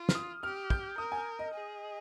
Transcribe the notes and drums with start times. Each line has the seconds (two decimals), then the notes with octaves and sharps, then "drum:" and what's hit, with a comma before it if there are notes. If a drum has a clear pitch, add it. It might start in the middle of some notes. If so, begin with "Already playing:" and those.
Already playing: F4
0.09 F6, drum: snare
0.15 D#6
0.43 G4 F6
0.70 G6, drum: kick
0.98 A#4 D#6
1.12 G#5
1.39 D#5
1.54 G#4